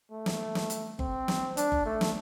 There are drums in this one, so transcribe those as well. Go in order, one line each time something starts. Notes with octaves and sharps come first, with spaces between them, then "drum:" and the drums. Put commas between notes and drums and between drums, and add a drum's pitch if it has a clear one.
A3
drum: snare
drum: snare
drum: hi-hat
C4, drum: kick G1
drum: snare
D4, drum: hi-hat
drum: kick G1
A3
drum: snare